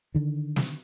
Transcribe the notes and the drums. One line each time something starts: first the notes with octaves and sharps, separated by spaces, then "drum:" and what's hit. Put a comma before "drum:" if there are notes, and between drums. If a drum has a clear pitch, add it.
D3 D#3
drum: snare